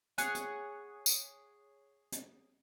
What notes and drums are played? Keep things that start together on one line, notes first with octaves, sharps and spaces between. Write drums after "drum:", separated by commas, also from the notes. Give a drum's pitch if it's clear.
G#4 C#5 F#5, drum: hi-hat
drum: hi-hat
drum: tambourine
drum: hi-hat